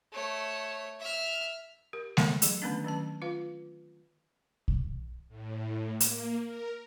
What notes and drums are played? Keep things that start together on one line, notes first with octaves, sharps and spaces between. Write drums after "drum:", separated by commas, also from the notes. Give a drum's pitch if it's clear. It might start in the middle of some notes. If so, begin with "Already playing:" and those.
A3 C#5
E5 F6
G4 A#4
E3 G#3 A3 B3 A4 A#4, drum: snare G#3
F#3 G#4, drum: hi-hat
D3 D#3 A3 B3 C#4 D4
D#3 F#3 C#4 A5
F4 B4 F5
drum: kick
A2
A#3, drum: hi-hat
A#4